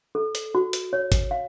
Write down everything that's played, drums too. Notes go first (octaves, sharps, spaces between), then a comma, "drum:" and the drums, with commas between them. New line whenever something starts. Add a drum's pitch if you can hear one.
A4
drum: hi-hat
F#4
drum: hi-hat
C#5
drum: kick, hi-hat
F5